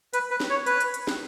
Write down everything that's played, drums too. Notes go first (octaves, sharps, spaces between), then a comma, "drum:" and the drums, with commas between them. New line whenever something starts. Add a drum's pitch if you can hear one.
B4, drum: hi-hat
B4
drum: snare
C#5
B4, drum: hi-hat
drum: hi-hat
drum: hi-hat
drum: snare